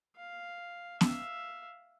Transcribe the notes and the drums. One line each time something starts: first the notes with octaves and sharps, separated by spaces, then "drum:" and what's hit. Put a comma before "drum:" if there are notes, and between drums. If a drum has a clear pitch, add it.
F5
E5 F5, drum: snare B3